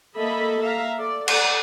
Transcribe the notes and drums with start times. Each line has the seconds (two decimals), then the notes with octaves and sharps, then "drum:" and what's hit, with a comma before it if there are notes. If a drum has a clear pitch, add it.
0.17 A#3 A4 D#5 E5 B5
0.62 E5 F5 A#5
0.96 A4 D5
1.28 A4 D5 F#5, drum: cymbal